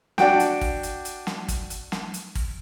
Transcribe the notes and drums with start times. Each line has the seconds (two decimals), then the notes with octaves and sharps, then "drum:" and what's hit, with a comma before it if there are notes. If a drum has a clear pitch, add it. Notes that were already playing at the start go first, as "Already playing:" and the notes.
0.18 D4 F#4 G5, drum: snare
0.40 drum: hi-hat
0.61 drum: kick, open hi-hat
0.83 drum: hi-hat
1.05 drum: hi-hat
1.27 drum: snare
1.48 drum: kick, hi-hat
1.70 drum: hi-hat
1.92 drum: snare
2.14 drum: hi-hat
2.35 drum: kick, open hi-hat